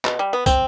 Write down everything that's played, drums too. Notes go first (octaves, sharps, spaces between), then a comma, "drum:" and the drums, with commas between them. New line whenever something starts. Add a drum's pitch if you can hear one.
B2, drum: clap
G3
B3
C4, drum: kick, tambourine